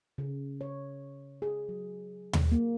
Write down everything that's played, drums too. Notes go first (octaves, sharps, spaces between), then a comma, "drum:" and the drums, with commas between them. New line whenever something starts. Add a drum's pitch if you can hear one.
C#3
C#5
G#4
F#3
drum: tom D#2
A#3